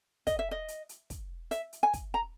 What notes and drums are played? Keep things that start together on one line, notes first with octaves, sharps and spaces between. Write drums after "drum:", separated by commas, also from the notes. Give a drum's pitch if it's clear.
D#5, drum: kick, hi-hat
E5
D#5
drum: hi-hat
drum: hi-hat
drum: kick, hi-hat
E5, drum: hi-hat
drum: hi-hat
G#5
drum: kick, hi-hat
A#5